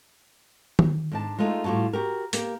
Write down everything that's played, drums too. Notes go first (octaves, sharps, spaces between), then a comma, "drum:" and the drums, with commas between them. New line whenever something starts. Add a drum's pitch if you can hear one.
drum: tom D#3
G#2 D4 A5
G#3 A3 D#4 F4 A4
A2 G3 F4 F#4 A5
F#4 G4 A#4
A#3 G4 A#4, drum: hi-hat